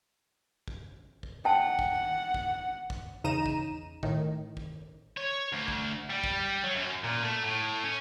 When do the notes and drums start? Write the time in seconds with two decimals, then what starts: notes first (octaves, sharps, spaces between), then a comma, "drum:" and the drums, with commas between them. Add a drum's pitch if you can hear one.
0.68 drum: kick
1.23 drum: kick
1.45 F#5 G5 A5
1.79 drum: kick
2.34 drum: kick
2.90 drum: kick
3.24 E2 C#3 D#4 A#5 D#7 E7
3.46 drum: kick
4.03 A2 D#3, drum: kick
4.57 drum: kick
5.17 C#5
5.53 D2
5.68 drum: kick
6.10 G3
6.24 drum: kick
6.64 F#3
6.75 F#2
7.04 A#2
7.23 A3
7.44 A2
7.84 C#4